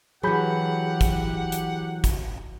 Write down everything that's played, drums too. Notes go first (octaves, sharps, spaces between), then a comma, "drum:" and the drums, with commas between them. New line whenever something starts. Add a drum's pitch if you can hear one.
E3 F#3 G4 G#4 F#5 B5 G6
drum: kick, hi-hat
drum: hi-hat
drum: kick, hi-hat